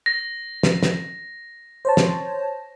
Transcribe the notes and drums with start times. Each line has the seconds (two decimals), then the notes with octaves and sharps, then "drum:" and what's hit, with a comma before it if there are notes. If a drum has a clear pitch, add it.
0.06 A#6
0.63 drum: snare
0.83 drum: snare
1.85 C5 C#5 A5
1.97 drum: snare